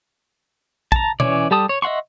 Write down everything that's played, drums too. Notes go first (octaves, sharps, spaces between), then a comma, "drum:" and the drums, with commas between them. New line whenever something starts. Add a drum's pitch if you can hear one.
A5 A#5, drum: kick
E3 C#4 C#5 D5, drum: tom B2
G3 G4 A4 A5 D#6
C#5
D#5 E5 F#5 C6 C#6